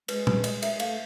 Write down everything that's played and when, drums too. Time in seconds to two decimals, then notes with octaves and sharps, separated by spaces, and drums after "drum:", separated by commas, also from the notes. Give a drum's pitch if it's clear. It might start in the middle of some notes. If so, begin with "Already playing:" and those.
0.08 G#3 B4, drum: cymbal
0.27 B4, drum: tom
0.44 D#5, drum: cymbal
0.62 E5, drum: cymbal
0.73 G#3
0.80 A3 F5, drum: cymbal